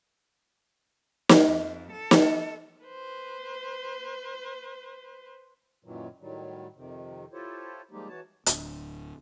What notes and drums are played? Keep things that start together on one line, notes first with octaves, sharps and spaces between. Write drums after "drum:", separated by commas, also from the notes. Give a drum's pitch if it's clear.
drum: snare
F2
A4
drum: snare
B4 C5
F#2 A#2 D#3 E3 F#3
A2 D#3 F#3 G3
F2 C3 D#3
E4 F4 G4 A4 C5 C#5
F3 G3 G#3 A#3 D#4 G4
E3 F#4 C#5 A5
D1 D2 C4 D4, drum: hi-hat